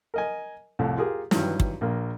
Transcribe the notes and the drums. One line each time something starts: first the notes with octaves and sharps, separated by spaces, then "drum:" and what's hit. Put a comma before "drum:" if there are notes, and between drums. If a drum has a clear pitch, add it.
A#4 D#5 G#5
C2 F2 A2
F4 G4 G#4 A#4
G2 D#3 E3 F#3, drum: snare
drum: kick
A#1 A#3